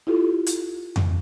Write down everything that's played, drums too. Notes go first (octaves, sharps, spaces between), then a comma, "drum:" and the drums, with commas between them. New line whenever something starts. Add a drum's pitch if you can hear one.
E4 F4 G4 A4
drum: hi-hat
drum: tom F2